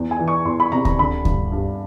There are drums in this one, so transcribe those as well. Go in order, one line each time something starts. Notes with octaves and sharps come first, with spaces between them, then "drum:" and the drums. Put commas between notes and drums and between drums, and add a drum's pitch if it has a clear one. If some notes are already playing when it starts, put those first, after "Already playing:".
Already playing: E2
G#5
E3
C#6
E2 C6
B5
C3 A#5
A#5, drum: kick D2
D3 B5
G2, drum: kick D2
G2